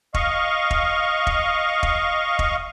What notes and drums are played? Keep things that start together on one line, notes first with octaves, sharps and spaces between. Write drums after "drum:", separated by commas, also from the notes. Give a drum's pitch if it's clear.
D#5 F5 C#6, drum: kick E1
drum: kick E1
drum: kick E1
drum: kick E1
drum: kick E1